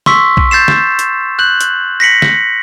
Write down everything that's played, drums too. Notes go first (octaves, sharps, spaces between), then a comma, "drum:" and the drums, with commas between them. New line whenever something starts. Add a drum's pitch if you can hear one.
C6 C#6 E6 B6, drum: snare
drum: kick B1
G6 A6 C7 E7
drum: snare
drum: hi-hat
F#6 G6 F#7
drum: hi-hat
A#6 B6 C#7 F#7
drum: snare